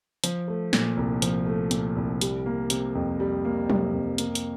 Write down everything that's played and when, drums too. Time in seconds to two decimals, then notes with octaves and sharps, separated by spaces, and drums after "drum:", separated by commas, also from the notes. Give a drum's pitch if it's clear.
0.24 F3, drum: hi-hat
0.48 A3
0.73 A#2, drum: snare
0.97 C2
1.22 F3, drum: hi-hat
1.47 A3
1.71 A#2, drum: hi-hat
1.96 C2
2.21 G3, drum: hi-hat
2.46 A#3
2.70 C3, drum: hi-hat
2.95 F2
3.20 G3
3.45 A#3
3.70 C3, drum: tom F#3
3.94 F2
4.18 A#3, drum: hi-hat
4.35 drum: hi-hat